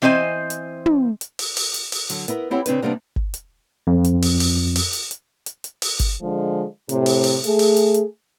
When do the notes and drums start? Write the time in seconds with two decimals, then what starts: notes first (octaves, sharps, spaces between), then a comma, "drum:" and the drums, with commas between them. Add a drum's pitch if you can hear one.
0.02 E3 C4 C5 D#5 G#5
0.50 drum: hi-hat
0.86 drum: tom
1.21 drum: hi-hat
1.39 drum: open hi-hat
1.57 drum: open hi-hat
1.74 drum: hi-hat
1.92 drum: open hi-hat
2.10 D3 F#3, drum: hi-hat
2.28 B3 E4 A#4, drum: hi-hat
2.51 C4 E4 G4 C#5 F#5
2.66 C#3 C4 D4 B4, drum: hi-hat
2.82 C3 G3 A#3 B3 C#4 D4
3.16 drum: kick G1
3.34 drum: hi-hat
3.87 F2
4.05 drum: hi-hat
4.22 drum: open hi-hat
4.40 drum: open hi-hat
4.76 drum: open hi-hat
4.93 drum: hi-hat
5.11 drum: hi-hat
5.46 drum: hi-hat
5.64 drum: hi-hat
5.82 drum: open hi-hat
6.00 drum: kick G1, hi-hat
6.22 D3 F3 G#3
6.89 A2 C3, drum: hi-hat
7.06 drum: open hi-hat
7.24 drum: open hi-hat
7.44 A3 G#4, drum: hi-hat
7.59 drum: open hi-hat
7.77 drum: hi-hat
7.95 drum: hi-hat